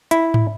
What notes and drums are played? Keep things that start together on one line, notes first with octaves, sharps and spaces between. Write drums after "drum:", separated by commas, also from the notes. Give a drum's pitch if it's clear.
E4, drum: hi-hat
drum: tom G#2